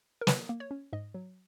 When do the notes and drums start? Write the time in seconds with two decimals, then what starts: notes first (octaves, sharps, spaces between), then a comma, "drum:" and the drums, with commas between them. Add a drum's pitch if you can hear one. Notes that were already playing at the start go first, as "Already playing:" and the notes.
0.21 A#4
0.27 F#3 B4, drum: snare
0.49 A#3
0.60 C#5
0.71 C#4
0.93 G#2 D#5
1.14 F#3